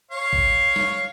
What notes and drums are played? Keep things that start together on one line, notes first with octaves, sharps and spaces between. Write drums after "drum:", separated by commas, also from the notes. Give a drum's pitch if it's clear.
C#5 F5
drum: kick A1
drum: snare